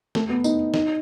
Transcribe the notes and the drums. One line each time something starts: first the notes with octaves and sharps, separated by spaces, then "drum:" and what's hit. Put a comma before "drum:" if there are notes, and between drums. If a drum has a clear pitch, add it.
A3, drum: snare
B3
D#4, drum: tambourine
D#4, drum: snare